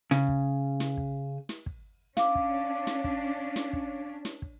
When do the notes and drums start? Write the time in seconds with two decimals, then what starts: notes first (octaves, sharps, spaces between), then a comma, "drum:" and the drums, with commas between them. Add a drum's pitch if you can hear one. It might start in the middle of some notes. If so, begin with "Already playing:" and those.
0.11 C#3, drum: snare
0.28 drum: kick
0.80 drum: snare
0.97 drum: kick
1.49 drum: snare
1.66 drum: kick
2.17 C#4 D4 F5 D6, drum: snare
2.35 drum: kick
2.87 drum: snare
3.04 drum: kick
3.56 drum: snare
3.73 drum: kick
4.25 drum: snare
4.42 drum: kick